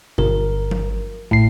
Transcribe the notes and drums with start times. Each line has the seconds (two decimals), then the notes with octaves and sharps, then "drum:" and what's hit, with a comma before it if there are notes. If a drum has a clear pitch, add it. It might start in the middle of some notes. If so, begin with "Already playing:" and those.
0.18 G1 A#4, drum: tom B2
0.71 drum: tom F3
1.31 A2 C7, drum: kick